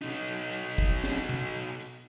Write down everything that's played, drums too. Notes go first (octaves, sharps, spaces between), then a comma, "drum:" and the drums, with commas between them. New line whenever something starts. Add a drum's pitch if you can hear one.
B2 D#4, drum: hi-hat
drum: hi-hat
drum: hi-hat
drum: kick, hi-hat
drum: snare
drum: tom
drum: hi-hat
drum: hi-hat